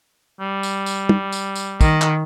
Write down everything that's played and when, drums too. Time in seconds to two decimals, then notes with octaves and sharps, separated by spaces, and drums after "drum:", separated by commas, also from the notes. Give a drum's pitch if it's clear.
0.40 G3
0.63 drum: tambourine
0.86 drum: tambourine
1.09 drum: tom
1.32 drum: tambourine
1.55 drum: tambourine
1.81 D#3, drum: kick, tambourine
2.02 drum: clap